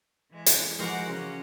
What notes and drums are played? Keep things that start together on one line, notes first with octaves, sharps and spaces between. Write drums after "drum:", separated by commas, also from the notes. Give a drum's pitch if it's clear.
E3 G#3
drum: hi-hat
E3 F3 G#3 F#4 A#4 C5 F#5 D6
C#3 C#4